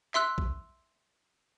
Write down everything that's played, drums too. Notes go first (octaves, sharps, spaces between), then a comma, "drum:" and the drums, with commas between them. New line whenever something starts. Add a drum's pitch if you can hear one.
E5 C6 E6 F#6, drum: clap
drum: kick A#1